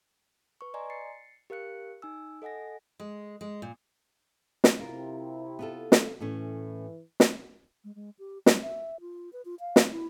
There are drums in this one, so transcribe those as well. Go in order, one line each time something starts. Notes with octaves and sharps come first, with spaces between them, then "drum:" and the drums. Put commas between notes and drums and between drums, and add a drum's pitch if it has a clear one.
B4 C#6
D5 D#5 G#5 A#5 C6
A6 C7 C#7
G4 A#4 F5 F#6 C#7
D#4 G#5 E6
A4 D#5 F#5 G#5 A#6
G#3
G#3
A#2
drum: snare
C3 E4 F4 A#4
B3 F4 A4
drum: snare
A2 E3 A3 C#4
drum: snare
G#3
G#3
G4
G3, drum: snare
E5
F4
B4
F4
F5
drum: snare
E4